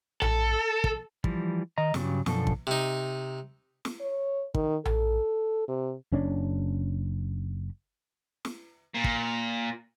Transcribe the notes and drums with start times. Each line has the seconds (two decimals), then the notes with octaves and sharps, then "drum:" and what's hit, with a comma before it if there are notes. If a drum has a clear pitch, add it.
0.22 A4, drum: tom A#1
0.84 drum: kick
1.24 E3 F3 G3, drum: kick
1.78 D#3 D#5 A#5
1.94 G2 C#3 F#3 G3, drum: snare
2.26 F#2 B2 F3 D4 A4, drum: snare
2.47 drum: kick
2.67 C3 D#4
3.85 drum: snare
4.00 C#5
4.55 D#3, drum: kick
4.85 A4, drum: tom A#1
5.68 C3
6.12 F#1 C#4 D4
8.45 drum: snare
8.95 A#2
9.04 drum: kick